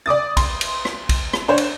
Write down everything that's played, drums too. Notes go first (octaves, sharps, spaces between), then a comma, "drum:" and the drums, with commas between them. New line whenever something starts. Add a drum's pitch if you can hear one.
D5 D6 D#6 A6
C6, drum: kick, cymbal
drum: cymbal
drum: rim click
drum: kick, cymbal
drum: rim click
D4 C5 C#5
drum: cymbal